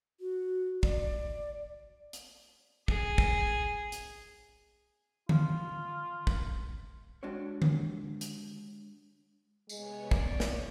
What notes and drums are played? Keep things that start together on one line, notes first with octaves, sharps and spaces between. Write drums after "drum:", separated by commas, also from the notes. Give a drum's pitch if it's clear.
F#4
D5, drum: kick
drum: hi-hat
G#4, drum: kick
drum: kick
drum: hi-hat
F4, drum: tom D3
drum: kick
G#3 D4 F#4 G4 C#5
drum: tom D3
drum: hi-hat
C3 G#3 B3 C#5, drum: tambourine
D5, drum: kick
drum: snare